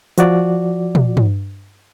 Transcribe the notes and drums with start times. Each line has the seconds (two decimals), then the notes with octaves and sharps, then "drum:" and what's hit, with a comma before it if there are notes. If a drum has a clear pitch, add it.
0.18 F3 F#4 D5, drum: hi-hat
0.95 drum: tom
1.17 drum: tom G2